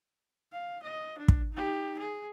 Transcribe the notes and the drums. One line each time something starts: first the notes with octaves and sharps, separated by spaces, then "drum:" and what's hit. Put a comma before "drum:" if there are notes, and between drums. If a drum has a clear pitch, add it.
F5
D#5
D4
drum: kick
D#4 G4
G#4